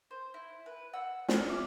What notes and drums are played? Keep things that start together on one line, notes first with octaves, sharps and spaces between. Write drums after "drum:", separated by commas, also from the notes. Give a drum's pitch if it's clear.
C5
E4
B4
F#5 E6
A#3 D4, drum: snare
E5 D6 E6 F6